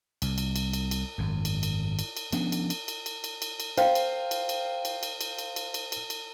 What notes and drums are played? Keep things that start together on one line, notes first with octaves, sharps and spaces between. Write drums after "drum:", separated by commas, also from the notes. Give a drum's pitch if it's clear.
C2, drum: cymbal
drum: cymbal
drum: cymbal
drum: cymbal
drum: cymbal
G#1 F#2
drum: cymbal
drum: cymbal
drum: cymbal
drum: cymbal
F3 B3 C#4 D4, drum: cymbal
drum: cymbal
drum: cymbal
drum: cymbal
drum: cymbal
drum: cymbal
drum: cymbal
drum: cymbal
C5 F5 G5, drum: cymbal
drum: cymbal
drum: cymbal
drum: cymbal
drum: cymbal
drum: cymbal
drum: cymbal
drum: cymbal
drum: cymbal
drum: cymbal
drum: cymbal
drum: cymbal